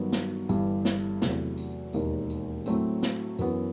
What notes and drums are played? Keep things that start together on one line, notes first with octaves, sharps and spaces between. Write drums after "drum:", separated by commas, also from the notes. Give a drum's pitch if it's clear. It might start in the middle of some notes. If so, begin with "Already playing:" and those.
Already playing: G2 D#3 F#3 B3
drum: snare
G1 G2 E3 G3, drum: tambourine
drum: snare
E2 C3 F#3 A3, drum: snare
drum: tambourine
E1 D#2 D#3, drum: tambourine
drum: tambourine
A2 F#3 A3 C4, drum: tambourine
drum: snare
F#2 E3 B3 F#4, drum: tambourine